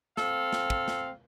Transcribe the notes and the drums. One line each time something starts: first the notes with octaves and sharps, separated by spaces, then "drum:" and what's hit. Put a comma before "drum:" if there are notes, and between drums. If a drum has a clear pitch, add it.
C4 A4 F5, drum: snare
drum: snare
drum: kick
drum: snare